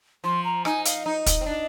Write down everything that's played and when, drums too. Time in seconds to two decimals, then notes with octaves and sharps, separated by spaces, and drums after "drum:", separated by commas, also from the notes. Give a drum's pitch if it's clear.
0.24 F3 C6
0.44 A#5
0.65 D#4 G#5, drum: rim click
0.85 F5, drum: hi-hat
1.06 D#4 D#5
1.26 drum: kick, hi-hat
1.41 C4
1.46 D4